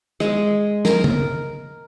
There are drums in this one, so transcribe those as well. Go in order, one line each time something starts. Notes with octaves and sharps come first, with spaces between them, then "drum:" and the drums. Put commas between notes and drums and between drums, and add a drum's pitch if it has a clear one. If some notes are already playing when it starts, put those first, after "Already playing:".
G#3, drum: rim click
A#4, drum: snare
drum: tom